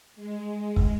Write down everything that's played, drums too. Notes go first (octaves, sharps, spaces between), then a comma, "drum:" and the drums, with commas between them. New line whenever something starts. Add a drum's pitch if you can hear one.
G#3
drum: kick